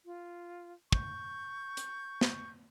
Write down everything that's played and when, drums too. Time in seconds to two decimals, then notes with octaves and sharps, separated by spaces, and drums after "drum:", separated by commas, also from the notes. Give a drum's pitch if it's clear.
0.06 F4
0.92 C#6 G6, drum: kick
1.77 drum: hi-hat
2.21 drum: snare